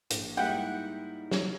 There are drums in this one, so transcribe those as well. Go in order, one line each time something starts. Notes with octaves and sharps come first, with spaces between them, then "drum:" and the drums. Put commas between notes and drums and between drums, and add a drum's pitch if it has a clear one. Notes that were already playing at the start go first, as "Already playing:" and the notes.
A#1, drum: hi-hat
G#2 G3 A#3 D#4 E4 E5 F#5 G5
F#3 F#4, drum: snare